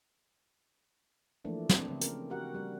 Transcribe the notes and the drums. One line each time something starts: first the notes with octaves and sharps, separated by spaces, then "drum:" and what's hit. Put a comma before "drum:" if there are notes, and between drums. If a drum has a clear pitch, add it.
E3 F3 A3 A#3 D4
C4, drum: snare
C#3
A#4, drum: hi-hat
F#4 G4 A#4 F#5
G3 A#4